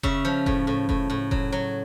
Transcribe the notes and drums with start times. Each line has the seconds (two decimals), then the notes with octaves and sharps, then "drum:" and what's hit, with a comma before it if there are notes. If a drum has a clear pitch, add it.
0.03 C#3 E5, drum: kick F1
0.25 F3
0.46 A2, drum: kick F1
0.67 A2
0.89 A2, drum: kick F1
1.10 A2
1.31 F#3, drum: kick F1
1.52 F#3